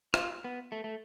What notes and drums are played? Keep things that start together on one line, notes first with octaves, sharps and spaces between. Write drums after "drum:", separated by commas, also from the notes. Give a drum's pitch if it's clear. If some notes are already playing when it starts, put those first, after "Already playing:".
F4, drum: rim click
B3
A3
A3